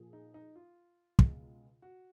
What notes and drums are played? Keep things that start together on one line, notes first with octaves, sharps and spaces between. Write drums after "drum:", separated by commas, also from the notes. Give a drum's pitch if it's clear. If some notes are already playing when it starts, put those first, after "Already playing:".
Already playing: A#2 F3 A#3 F4 G#4
D#4
D#4
F4
C#2 B2 G#3, drum: kick
F#4